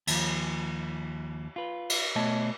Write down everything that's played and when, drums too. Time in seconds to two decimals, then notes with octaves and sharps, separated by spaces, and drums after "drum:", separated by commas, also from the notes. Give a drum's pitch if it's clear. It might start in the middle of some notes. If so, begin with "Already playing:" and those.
0.07 D#2 F3, drum: cymbal
1.56 F4 B4
1.89 drum: cymbal
2.16 B2 A3 C#5 D#5 A5